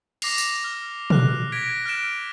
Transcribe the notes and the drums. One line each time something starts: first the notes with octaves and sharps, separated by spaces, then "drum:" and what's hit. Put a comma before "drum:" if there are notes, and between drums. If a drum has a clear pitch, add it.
D6 A#6 C7 F7, drum: cymbal
drum: tambourine
F6
F6 F#6, drum: tom
G#6 A#6 B6 D7
F6 F#6 A6 D7 E7